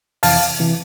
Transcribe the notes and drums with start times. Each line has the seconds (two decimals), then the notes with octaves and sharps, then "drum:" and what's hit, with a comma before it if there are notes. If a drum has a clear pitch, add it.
0.23 F2 C3 E3 F5 A5, drum: open hi-hat
0.60 C3 E3